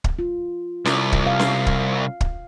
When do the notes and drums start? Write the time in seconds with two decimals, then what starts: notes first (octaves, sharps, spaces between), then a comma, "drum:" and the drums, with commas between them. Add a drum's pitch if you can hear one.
0.04 drum: kick
0.19 F4
0.85 C2, drum: snare C#4
1.12 drum: kick
1.26 F5
1.39 drum: snare C#4
1.67 drum: kick
2.21 drum: kick